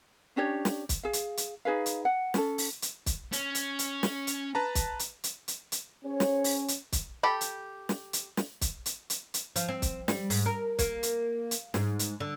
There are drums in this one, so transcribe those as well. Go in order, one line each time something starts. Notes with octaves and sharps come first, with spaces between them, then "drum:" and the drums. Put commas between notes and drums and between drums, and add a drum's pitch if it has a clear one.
C#4 D4 G4 C#5
drum: snare
drum: kick, hi-hat
G#4 F5
drum: hi-hat
drum: hi-hat
D#4 G#4 B4 F5
drum: hi-hat
F#5
C#4 A4, drum: snare
drum: open hi-hat
drum: hi-hat
drum: kick, hi-hat
C#4, drum: hi-hat
drum: hi-hat
drum: hi-hat
drum: snare
drum: hi-hat
B4 A5 A#5
drum: kick, hi-hat
drum: hi-hat
drum: hi-hat
drum: hi-hat
drum: hi-hat
C#4 G#4 C5 C#5
drum: snare
drum: open hi-hat
drum: hi-hat
drum: kick, hi-hat
G4 A4 B5
drum: hi-hat
drum: snare
drum: hi-hat
drum: snare
drum: kick, hi-hat
drum: hi-hat
drum: hi-hat
drum: hi-hat
F3, drum: hi-hat
C4
drum: kick, hi-hat
G3, drum: snare
G#2, drum: open hi-hat
A#4
A#3, drum: kick, hi-hat
drum: hi-hat
drum: hi-hat
G#2, drum: snare
drum: hi-hat
D3